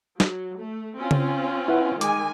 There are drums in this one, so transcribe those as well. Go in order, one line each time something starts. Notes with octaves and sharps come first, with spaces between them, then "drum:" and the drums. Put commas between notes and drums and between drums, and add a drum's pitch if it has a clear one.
F#3, drum: snare
A3
C4 C#4 F4
drum: tom C#3
E4 B4 F#5
D#3 G#3 G#5 D6, drum: hi-hat